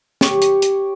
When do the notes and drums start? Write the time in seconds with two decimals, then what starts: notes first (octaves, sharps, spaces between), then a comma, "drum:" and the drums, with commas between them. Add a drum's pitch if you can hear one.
0.21 G4 C#5 C#6, drum: snare
0.42 drum: hi-hat
0.62 drum: hi-hat